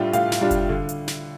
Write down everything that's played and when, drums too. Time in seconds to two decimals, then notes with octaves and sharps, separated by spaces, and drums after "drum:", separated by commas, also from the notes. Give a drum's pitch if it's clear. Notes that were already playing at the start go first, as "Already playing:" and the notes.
Already playing: A2 G3 D4 F4 E5
0.13 A2 F5, drum: hi-hat
0.32 drum: snare
0.41 G3 D4 F4
0.51 drum: kick F#1, hi-hat
0.69 D3
0.89 drum: hi-hat
1.08 drum: snare